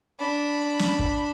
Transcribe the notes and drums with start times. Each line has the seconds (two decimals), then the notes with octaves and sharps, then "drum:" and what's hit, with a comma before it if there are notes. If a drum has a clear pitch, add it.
0.20 D4 B5
0.79 drum: snare
0.99 drum: kick